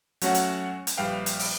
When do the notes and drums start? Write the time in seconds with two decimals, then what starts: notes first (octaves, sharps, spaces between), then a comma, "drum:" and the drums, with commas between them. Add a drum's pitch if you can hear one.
0.22 F#3 A3 C#4 F#4 C#5 F#5, drum: hi-hat
0.35 drum: hi-hat
0.87 drum: hi-hat
0.97 A#1 G3 B4 F5 G5
1.26 drum: hi-hat
1.39 drum: open hi-hat